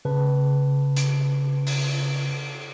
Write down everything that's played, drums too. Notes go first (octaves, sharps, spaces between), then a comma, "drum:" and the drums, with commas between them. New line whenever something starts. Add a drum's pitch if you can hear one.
C#3 B4 A5
drum: hi-hat
drum: open hi-hat